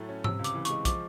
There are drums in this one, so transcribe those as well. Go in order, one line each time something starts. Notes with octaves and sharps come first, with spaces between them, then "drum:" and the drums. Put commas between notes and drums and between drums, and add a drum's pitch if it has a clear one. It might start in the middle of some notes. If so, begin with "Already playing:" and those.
Already playing: A2 F#3 A3
C#4
C3 E6, drum: tom G#2
C#2
D6, drum: hi-hat
E3
C#6, drum: hi-hat
G#3
F3 D6, drum: kick, hi-hat